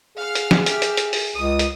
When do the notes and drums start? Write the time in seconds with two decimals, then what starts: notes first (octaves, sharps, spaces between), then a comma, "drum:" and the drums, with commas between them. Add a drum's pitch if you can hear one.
0.17 G#4 F5 F#5 F6
0.35 drum: hi-hat
0.51 drum: snare
0.66 G4 E5 F6, drum: hi-hat
0.82 drum: hi-hat
0.97 drum: hi-hat
1.13 drum: open hi-hat
1.36 C#2 D#6
1.59 drum: hi-hat